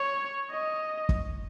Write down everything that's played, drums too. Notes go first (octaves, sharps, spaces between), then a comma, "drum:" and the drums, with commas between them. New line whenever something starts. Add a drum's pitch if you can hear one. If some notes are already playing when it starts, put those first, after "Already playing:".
Already playing: C#5
D#5
drum: kick